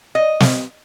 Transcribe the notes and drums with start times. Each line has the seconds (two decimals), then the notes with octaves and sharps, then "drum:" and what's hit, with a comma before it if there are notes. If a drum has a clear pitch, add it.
0.15 D#5
0.40 drum: snare